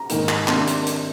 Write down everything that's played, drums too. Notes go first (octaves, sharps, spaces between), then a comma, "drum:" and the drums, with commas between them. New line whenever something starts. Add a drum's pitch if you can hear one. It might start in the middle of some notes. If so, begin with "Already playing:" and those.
Already playing: A#5
G#2 D#3 A#3 D#4, drum: hi-hat
drum: clap
C3 D#3 A#3 D4 C6, drum: clap
drum: hi-hat
drum: hi-hat